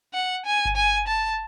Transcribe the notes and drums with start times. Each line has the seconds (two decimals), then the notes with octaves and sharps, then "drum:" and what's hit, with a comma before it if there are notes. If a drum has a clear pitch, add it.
0.14 F#5
0.46 G#5
0.65 drum: kick G1
0.76 G#5
1.07 A5